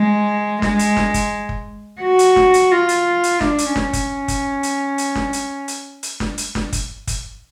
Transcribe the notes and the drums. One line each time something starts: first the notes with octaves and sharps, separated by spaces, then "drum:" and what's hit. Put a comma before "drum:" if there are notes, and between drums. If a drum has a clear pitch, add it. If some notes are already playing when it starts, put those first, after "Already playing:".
Already playing: G#3
G#3, drum: snare
drum: hi-hat
drum: snare
drum: kick, hi-hat
drum: kick
F#4
drum: hi-hat
drum: snare
drum: hi-hat
F4
drum: hi-hat
drum: hi-hat
D4, drum: snare
drum: hi-hat
C#4, drum: snare
drum: kick, hi-hat
drum: kick, hi-hat
drum: hi-hat
drum: hi-hat
drum: snare
drum: hi-hat
drum: hi-hat
drum: hi-hat
drum: snare
drum: hi-hat
drum: snare
drum: kick, hi-hat
drum: kick, hi-hat